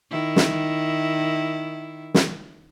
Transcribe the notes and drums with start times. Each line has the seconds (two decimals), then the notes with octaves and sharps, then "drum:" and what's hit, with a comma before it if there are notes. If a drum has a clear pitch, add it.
0.11 D#3 E4
0.36 drum: snare
2.14 drum: snare